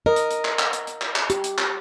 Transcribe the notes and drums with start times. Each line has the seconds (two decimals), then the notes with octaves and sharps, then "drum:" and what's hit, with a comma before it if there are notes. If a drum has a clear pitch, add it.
0.06 A#4 D#5
0.16 drum: hi-hat
0.31 drum: hi-hat
0.45 drum: clap
0.59 drum: clap
0.73 drum: hi-hat
0.87 drum: hi-hat
1.01 drum: clap
1.16 drum: clap
1.30 G4, drum: hi-hat
1.44 drum: hi-hat
1.58 drum: clap